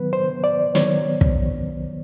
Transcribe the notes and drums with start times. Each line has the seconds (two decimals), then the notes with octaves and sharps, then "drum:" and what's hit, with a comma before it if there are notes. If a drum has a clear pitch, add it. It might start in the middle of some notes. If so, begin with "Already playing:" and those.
Already playing: D#3 F#3 B3 B4
0.13 C5
0.44 D5
0.75 D#3 F#3 B3 C#5, drum: snare
1.21 drum: kick